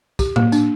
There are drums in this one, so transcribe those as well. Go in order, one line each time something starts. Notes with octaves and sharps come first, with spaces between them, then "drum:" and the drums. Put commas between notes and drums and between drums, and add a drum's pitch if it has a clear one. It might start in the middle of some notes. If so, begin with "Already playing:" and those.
G4, drum: kick, tambourine
A#3, drum: tom A2
D4, drum: tambourine